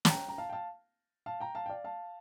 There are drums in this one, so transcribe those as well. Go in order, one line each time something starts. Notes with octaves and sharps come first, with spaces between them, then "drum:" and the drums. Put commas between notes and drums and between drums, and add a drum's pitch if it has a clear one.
A5, drum: snare
G5 A#5
A#5
F5 A5
G5
F5 A5
F5 A5
G5 A#5
F5 A5
G5
D5 F5
F5 A5